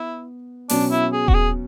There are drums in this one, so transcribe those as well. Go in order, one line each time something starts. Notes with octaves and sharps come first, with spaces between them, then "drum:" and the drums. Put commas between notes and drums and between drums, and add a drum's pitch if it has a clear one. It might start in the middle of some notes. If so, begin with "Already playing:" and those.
Already playing: B3 E4
B2 F#3 C#4 D4, drum: open hi-hat
E4
G#4
F#4, drum: kick D#1
G#4